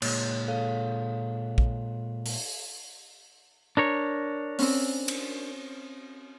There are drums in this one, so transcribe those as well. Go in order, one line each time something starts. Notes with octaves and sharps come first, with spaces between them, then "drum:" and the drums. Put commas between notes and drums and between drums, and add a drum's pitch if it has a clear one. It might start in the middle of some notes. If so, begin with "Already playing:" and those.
A#2 G#3 C#5, drum: cymbal
A4 C#5 F5
drum: kick A#1
drum: open hi-hat
D4 A#4 C#5
C4 C#4, drum: open hi-hat
drum: cymbal